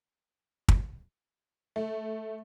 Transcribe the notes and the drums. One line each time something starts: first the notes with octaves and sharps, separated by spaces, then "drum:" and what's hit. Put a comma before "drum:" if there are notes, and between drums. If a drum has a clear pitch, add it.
drum: kick
A3